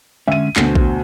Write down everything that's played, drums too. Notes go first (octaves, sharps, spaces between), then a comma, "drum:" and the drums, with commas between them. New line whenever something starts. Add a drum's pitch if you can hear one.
D3 G#3 C#4 E5 D#7
D2 B2 F#4 C5, drum: clap
drum: kick A#1